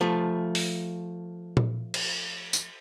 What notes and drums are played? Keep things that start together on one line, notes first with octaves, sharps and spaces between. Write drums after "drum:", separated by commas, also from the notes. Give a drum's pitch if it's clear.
F3 A3
drum: open hi-hat
drum: tom A#2
drum: cymbal
drum: tambourine